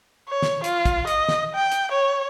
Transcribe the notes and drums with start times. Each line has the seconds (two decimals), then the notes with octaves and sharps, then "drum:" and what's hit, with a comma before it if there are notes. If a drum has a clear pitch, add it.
0.29 C#5
0.42 drum: snare
0.64 F4, drum: hi-hat
0.86 drum: kick, hi-hat
1.07 D#5, drum: hi-hat
1.29 drum: snare
1.55 G5
1.72 drum: hi-hat
1.92 C#5